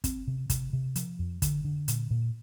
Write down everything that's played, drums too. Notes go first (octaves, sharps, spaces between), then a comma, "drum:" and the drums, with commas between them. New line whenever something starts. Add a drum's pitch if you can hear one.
C4, drum: kick, hi-hat
C3
C3, drum: kick, hi-hat
C3
F3, drum: hi-hat
F2
D3, drum: kick, hi-hat
D3
A#2, drum: hi-hat
A#2